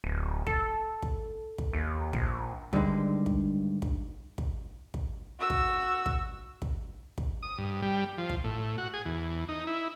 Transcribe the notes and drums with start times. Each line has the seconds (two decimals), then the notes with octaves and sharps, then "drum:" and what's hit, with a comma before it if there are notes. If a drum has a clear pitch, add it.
0.04 D1
0.47 A4, drum: kick
1.02 drum: kick
1.58 drum: kick
1.73 D#2
2.13 A#1, drum: kick
2.73 G2 D3 D#3 G3 G#3, drum: kick
3.26 drum: kick
3.82 drum: kick
4.38 drum: kick
4.94 drum: kick
5.39 F#4 E6
5.50 drum: kick
6.06 drum: kick
6.62 drum: kick
7.18 drum: kick
7.43 D#6
7.58 G2
7.82 G3
8.18 F3
8.29 drum: kick
8.44 A2
8.78 F#4
8.94 G#4
9.05 E2
9.48 D#4
9.67 E4